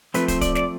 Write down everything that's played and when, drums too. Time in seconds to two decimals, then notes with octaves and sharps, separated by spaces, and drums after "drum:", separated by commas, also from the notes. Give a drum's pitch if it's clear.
0.14 F3 A3 C4 B4, drum: hi-hat
0.28 C5, drum: kick, hi-hat
0.41 D5, drum: kick, hi-hat
0.55 D5, drum: snare